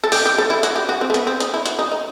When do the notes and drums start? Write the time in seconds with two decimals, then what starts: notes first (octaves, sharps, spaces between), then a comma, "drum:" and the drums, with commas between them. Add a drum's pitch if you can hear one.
0.04 A4
0.12 G4, drum: open hi-hat
0.26 G4
0.38 A4
0.50 E4
0.63 F#4, drum: hi-hat
0.76 G4
0.89 F#4
1.01 C4
1.10 A3
1.14 B3, drum: hi-hat
1.27 C4
1.40 D#4, drum: hi-hat
1.54 E4
1.66 F#4, drum: hi-hat
1.79 D#4
1.92 D#4